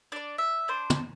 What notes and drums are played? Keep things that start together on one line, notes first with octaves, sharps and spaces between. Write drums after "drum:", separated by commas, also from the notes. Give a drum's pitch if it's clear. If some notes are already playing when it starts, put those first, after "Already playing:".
D4 D5
E5
D4 C5
drum: tom